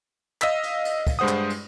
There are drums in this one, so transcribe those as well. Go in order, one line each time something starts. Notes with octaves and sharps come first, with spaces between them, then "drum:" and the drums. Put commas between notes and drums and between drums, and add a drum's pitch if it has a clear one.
D#5 F5 E6 B6, drum: clap
drum: cymbal
drum: cymbal
drum: kick, cymbal
G2 G#3 C5 F#5 D#6
drum: clap
drum: cymbal